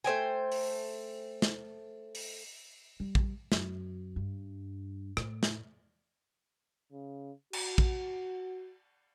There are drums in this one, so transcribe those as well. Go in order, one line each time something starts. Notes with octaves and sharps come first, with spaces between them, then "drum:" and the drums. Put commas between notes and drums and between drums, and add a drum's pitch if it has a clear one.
A3 C5 G5 G#5
drum: open hi-hat
drum: snare
drum: open hi-hat
G3
drum: kick
F#2, drum: snare
G2
A2, drum: rim click
drum: snare
C#3
F#4, drum: cymbal
drum: kick